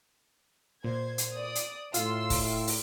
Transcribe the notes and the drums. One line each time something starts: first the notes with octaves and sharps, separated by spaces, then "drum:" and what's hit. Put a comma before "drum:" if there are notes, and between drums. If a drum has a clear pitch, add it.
A#2 C5 G#6
drum: hi-hat
D5 D#6
drum: hi-hat
A2 F4 C6 E6, drum: hi-hat
drum: kick, open hi-hat
drum: open hi-hat